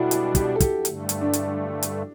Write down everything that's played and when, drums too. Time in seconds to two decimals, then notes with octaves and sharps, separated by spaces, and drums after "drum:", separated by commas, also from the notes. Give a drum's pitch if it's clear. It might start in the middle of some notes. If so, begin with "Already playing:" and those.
Already playing: B2 G3 B3 D4 E4 F#4 A4
0.11 E4, drum: hi-hat
0.35 G4, drum: kick, hi-hat
0.56 A4
0.60 G4, drum: kick, hi-hat
0.85 G2 D3 A3, drum: hi-hat
1.09 drum: hi-hat
1.21 D4
1.33 drum: hi-hat
1.83 drum: hi-hat